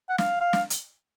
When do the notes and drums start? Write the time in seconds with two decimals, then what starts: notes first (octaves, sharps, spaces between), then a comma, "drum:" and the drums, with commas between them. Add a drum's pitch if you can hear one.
0.09 F#5
0.18 F5, drum: snare
0.41 F5
0.53 drum: snare
0.70 drum: hi-hat